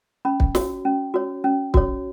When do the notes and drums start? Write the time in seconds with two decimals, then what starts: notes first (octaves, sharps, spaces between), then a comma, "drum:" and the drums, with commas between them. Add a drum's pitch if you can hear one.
0.25 C#4 B5
0.40 drum: kick
0.55 F#4 C#5, drum: snare
0.85 C#4
1.14 F#4 C#5
1.44 C#4
1.74 F#4 C#5, drum: kick